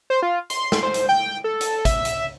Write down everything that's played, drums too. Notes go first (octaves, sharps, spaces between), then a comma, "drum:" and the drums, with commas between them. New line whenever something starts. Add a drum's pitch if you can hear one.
C5
F4
C6, drum: hi-hat
drum: snare
C5
drum: hi-hat
G5
A4
drum: hi-hat
E5, drum: kick, hi-hat
drum: hi-hat